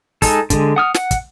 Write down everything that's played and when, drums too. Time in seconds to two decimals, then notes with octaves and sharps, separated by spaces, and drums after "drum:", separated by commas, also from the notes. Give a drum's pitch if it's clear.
0.22 G#3 D#4 A4, drum: kick, open hi-hat
0.50 D3 G#3, drum: kick, hi-hat
0.76 F#5 D#6 F6
0.94 F#5, drum: snare
1.11 drum: kick, hi-hat